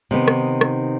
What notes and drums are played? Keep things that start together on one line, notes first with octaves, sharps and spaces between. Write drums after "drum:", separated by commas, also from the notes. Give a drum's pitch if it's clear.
C3 D#3 B3
drum: rim click
drum: rim click